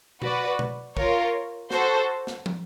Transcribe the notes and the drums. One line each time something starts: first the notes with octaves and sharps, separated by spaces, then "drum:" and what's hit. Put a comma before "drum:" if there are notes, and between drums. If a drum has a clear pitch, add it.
F#4 B4 D5, drum: tom B2
drum: tom B2
F4 A#4 C#5, drum: kick
F#4 A4 C5, drum: snare
drum: snare
drum: tom